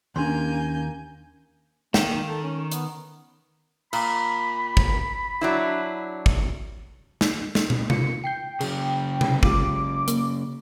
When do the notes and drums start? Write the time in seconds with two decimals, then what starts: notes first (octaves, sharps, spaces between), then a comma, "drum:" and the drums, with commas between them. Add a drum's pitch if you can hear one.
0.16 D#2 A#3 C#4 D4 G#5 B5 C6 G6
1.94 D#3 A#3 G5, drum: snare
2.28 A4
2.44 C#4
2.72 B3, drum: hi-hat
3.93 A#2 B5, drum: cymbal
4.77 drum: kick
5.41 F#3 D4 E4
6.26 drum: kick
7.21 drum: snare
7.55 drum: snare
7.70 drum: tom
7.90 F4 C#7, drum: tom C3
8.24 G5 G6 C7 C#7
8.61 C#3 F#3 G#4, drum: cymbal
9.21 drum: tom C3
9.43 G#3 F4 G4 D6, drum: kick
10.08 A#3, drum: hi-hat